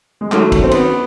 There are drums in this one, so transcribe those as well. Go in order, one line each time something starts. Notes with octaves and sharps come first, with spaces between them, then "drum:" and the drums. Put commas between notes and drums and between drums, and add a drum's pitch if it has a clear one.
G#3
F#2 D#3 F#3 A3, drum: clap
drum: kick, cymbal
C4
B3, drum: cymbal